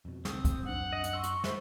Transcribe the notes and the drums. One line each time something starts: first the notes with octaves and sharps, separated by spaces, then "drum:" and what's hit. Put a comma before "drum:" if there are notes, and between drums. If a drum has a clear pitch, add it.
F2 B2
C#2 C4 D#6, drum: snare
drum: kick, hi-hat
F#2 D4 F#5
D#5
drum: hi-hat
C6 C#6 E6
drum: hi-hat
F#4 C5 E5 B5, drum: snare